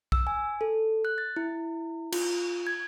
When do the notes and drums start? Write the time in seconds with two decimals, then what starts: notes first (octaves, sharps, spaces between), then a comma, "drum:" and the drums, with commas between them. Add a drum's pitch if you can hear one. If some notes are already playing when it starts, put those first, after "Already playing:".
0.12 E6, drum: kick
0.27 G#5
0.61 A4
1.05 F#6
1.18 A6
1.36 E4
2.12 F4, drum: cymbal
2.67 G#6